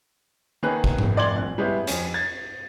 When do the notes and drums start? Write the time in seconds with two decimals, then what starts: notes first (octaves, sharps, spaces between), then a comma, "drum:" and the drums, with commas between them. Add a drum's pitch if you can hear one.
0.63 D#3 A#3 C#4 G#4 B4 F#6
0.84 drum: kick
0.98 drum: tom G#2
1.16 F1 D5 C6 G#6 F#7
1.35 A#1 F#6
1.58 G3 G#3 B3 C#4 E4
1.87 F2 C#4, drum: hi-hat
2.14 G#6 A6